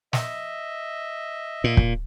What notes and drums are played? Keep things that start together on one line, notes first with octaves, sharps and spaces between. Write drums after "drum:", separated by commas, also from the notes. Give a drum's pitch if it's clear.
D#5 E5, drum: snare
A#2
drum: kick